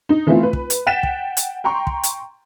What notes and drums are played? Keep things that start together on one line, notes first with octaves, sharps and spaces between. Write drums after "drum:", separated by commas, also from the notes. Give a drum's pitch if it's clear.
D#4
E3 A3 B3 C4 F4
B4
drum: kick
drum: hi-hat
F#5 G5 A6 B6 E7
drum: kick
drum: hi-hat
G5 A#5 C6 C#6
drum: kick
drum: hi-hat